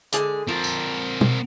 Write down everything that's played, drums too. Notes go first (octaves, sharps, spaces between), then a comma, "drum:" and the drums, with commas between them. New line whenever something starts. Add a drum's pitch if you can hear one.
D3 G#3 G#4, drum: hi-hat
F3 C4 A#4
drum: tambourine
drum: tom